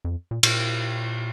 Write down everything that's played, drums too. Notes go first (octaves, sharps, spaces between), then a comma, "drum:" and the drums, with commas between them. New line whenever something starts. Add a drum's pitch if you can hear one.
F2
A#2
A#2, drum: cymbal